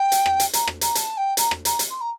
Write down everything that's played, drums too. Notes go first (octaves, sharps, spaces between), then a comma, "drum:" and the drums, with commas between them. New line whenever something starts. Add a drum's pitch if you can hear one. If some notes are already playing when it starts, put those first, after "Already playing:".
Already playing: G5
drum: hi-hat
drum: rim click
drum: hi-hat
A#5, drum: hi-hat
drum: rim click
A#5, drum: hi-hat
A5, drum: hi-hat
G5
A#5, drum: hi-hat
drum: rim click
A#5, drum: hi-hat
drum: hi-hat
C6
A#5